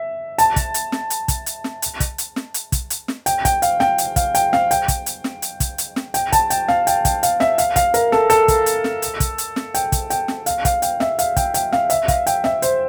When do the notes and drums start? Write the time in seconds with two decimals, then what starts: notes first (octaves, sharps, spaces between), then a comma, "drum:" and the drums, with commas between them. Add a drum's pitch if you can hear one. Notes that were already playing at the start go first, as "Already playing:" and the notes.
Already playing: E5
0.38 A5, drum: hi-hat
0.56 drum: kick, hi-hat
0.74 drum: hi-hat
0.92 drum: snare
1.10 drum: hi-hat
1.28 drum: kick, hi-hat
1.46 drum: hi-hat
1.64 drum: snare
1.82 drum: hi-hat
2.00 drum: kick, hi-hat
2.18 drum: hi-hat
2.36 drum: snare
2.54 drum: hi-hat
2.72 drum: kick, hi-hat
2.90 drum: hi-hat
3.08 drum: snare
3.26 G5, drum: hi-hat
3.45 G5, drum: kick, hi-hat
3.62 F5, drum: hi-hat
3.80 G5, drum: snare
3.98 drum: hi-hat
4.16 F5, drum: kick, hi-hat
4.35 G5, drum: hi-hat
4.53 F5, drum: snare
4.71 G5, drum: hi-hat
4.88 drum: kick, hi-hat
5.06 drum: hi-hat
5.24 drum: snare
5.42 drum: hi-hat
5.60 drum: kick, hi-hat
5.78 drum: hi-hat
5.96 drum: snare
6.14 G5, drum: hi-hat
6.32 A5, drum: kick, hi-hat
6.50 G5, drum: hi-hat
6.68 F5, drum: snare
6.87 G5, drum: hi-hat
7.05 G5, drum: kick, hi-hat
7.23 F5, drum: hi-hat
7.40 E5, drum: snare
7.58 F5, drum: hi-hat
7.76 F5, drum: kick, hi-hat
7.94 A#4, drum: hi-hat
8.12 A4, drum: snare
8.30 A4, drum: hi-hat
8.48 drum: kick, hi-hat
8.66 drum: hi-hat
8.84 drum: snare
9.02 drum: hi-hat
9.20 drum: kick, hi-hat
9.38 drum: hi-hat
9.56 drum: snare
9.74 G5, drum: hi-hat
9.92 drum: kick, hi-hat
10.10 G5, drum: hi-hat
10.28 drum: snare
10.46 F5, drum: hi-hat
10.65 F5, drum: kick, hi-hat
10.82 G5, drum: hi-hat
11.00 E5, drum: snare
11.19 F5, drum: hi-hat
11.36 G5, drum: kick, hi-hat
11.54 G5, drum: hi-hat
11.73 F5, drum: snare
11.90 E5, drum: hi-hat
12.08 F5, drum: kick, hi-hat
12.27 G5, drum: hi-hat
12.44 E5, drum: snare
12.62 C5, drum: hi-hat